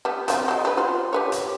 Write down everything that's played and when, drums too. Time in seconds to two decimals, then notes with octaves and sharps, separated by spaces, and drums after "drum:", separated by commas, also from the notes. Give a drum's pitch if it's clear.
0.05 G3 B3
0.28 F#3 C4 F4, drum: hi-hat
0.48 F#3 G#3
0.65 G4 B4
0.77 F4 F#4 C5
1.13 G4 B4 C#5
1.32 drum: hi-hat